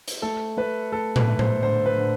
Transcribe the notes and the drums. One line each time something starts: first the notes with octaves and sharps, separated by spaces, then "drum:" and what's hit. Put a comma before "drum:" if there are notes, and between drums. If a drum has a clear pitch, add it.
drum: hi-hat
A3 A4
A3 B4
A3 A4
B4, drum: tom A2
A3
C5, drum: tom A2
D3 C5
B4
D3